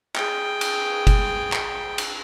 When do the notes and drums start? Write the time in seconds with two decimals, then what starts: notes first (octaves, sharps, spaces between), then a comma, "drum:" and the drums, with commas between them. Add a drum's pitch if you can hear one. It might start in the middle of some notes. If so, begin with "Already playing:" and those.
0.15 G#4 G5, drum: clap
0.61 drum: cymbal
1.07 drum: kick F#1, cymbal
1.52 drum: clap
1.98 drum: cymbal